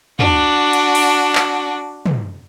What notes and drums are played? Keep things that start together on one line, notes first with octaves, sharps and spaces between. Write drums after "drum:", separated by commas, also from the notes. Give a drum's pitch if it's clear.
D4 F#4, drum: tom
drum: cymbal
drum: cymbal
drum: clap
drum: tom